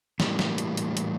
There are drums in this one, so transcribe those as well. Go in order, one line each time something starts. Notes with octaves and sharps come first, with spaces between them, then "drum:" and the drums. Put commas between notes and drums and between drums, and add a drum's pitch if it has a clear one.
A2 E3 G3 A#3, drum: snare
drum: snare
drum: hi-hat
drum: hi-hat
drum: hi-hat